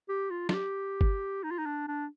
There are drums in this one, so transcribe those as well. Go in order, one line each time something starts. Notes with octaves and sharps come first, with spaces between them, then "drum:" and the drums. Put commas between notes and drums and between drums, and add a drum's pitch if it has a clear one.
G4
F4
F4, drum: snare
G4
drum: kick G1
D#4
F4
D#4
D4
D4